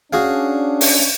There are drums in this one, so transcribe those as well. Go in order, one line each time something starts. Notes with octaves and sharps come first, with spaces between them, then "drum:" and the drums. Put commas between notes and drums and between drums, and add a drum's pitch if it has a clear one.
C#4 D4 F#4 G#4 F5
drum: open hi-hat